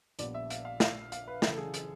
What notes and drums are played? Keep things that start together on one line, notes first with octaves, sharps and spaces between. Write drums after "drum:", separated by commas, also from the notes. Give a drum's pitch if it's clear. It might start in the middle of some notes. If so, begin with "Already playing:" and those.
A#1 A#2 G3 B3 D5, drum: hi-hat
E5
F5, drum: hi-hat
F5
F5, drum: snare
F5, drum: hi-hat
B4
F#1 F#2 C#3 E3 A4, drum: snare
A4
G#4
G#4, drum: hi-hat